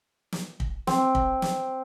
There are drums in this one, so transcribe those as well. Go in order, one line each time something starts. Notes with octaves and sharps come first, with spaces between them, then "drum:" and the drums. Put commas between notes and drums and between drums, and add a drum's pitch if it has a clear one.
drum: snare
drum: kick
C4, drum: snare
drum: kick
drum: snare